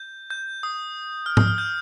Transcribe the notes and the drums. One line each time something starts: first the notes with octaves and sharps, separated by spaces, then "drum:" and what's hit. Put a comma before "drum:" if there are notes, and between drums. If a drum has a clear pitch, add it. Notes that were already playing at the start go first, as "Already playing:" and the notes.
Already playing: G6
G6
D#6
F6
D#6, drum: tom G#2
F6
G6